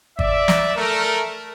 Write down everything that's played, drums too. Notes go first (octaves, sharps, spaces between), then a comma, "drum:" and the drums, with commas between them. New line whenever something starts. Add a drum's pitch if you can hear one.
D5 E5, drum: kick
drum: snare
A3 A#4